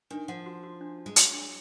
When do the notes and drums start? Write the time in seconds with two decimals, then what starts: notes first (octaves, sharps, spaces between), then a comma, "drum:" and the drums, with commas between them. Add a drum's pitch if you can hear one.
0.11 D#3 D4
0.28 F3 F#5
0.46 F#4
0.63 F#4
0.81 D4
0.99 D4
1.06 G#3
1.16 F#3 F#4, drum: hi-hat
1.34 D4